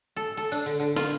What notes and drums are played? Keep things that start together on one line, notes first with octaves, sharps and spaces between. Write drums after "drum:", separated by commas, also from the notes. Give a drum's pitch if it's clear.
A4
A4
D4, drum: open hi-hat
D3
D3
F4, drum: snare